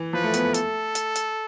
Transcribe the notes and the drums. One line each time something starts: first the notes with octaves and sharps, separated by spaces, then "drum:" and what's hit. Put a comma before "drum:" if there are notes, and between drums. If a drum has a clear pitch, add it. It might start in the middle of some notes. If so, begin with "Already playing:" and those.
Already playing: E3
F3 B4
A3
B3, drum: hi-hat
A3
A4, drum: hi-hat
drum: hi-hat
drum: hi-hat